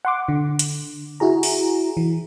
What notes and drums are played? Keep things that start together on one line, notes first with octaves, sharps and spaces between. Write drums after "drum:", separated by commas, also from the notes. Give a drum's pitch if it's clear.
F#5 C6 D6
D3
drum: hi-hat
E4 F#4 G#4 A#5
drum: open hi-hat
E3